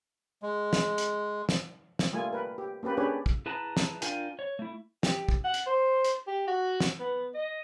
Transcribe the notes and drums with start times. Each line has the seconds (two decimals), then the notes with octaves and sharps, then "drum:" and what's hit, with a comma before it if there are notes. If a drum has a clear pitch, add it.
0.43 G#3
0.73 drum: snare
0.98 drum: hi-hat
1.49 drum: snare
1.99 drum: snare
2.12 G3 A3 A#3 F4 G#5
2.33 A#4 B4
2.58 G4
2.83 A#3 C#4 G4 B4
2.97 C#4 D4 G4 G#4 B4 C#5
3.26 drum: kick
3.46 E4 G#4 B4 G5 A5 A#5
3.77 drum: snare
4.02 D4 F4 A#4 F5 G5 G#5, drum: hi-hat
4.39 C#5
4.59 A3 E4
5.03 G4, drum: snare
5.29 drum: kick
5.44 F#5
5.54 drum: hi-hat
5.66 C5
6.05 drum: hi-hat
6.27 G4
6.47 F#4
6.80 drum: snare
6.99 B3
7.34 D#5